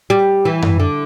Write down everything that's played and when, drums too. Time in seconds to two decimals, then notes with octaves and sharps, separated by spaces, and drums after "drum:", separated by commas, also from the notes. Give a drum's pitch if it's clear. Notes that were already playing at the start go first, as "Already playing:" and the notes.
0.10 G3
0.45 E3
0.62 drum: tom F#2
0.80 D3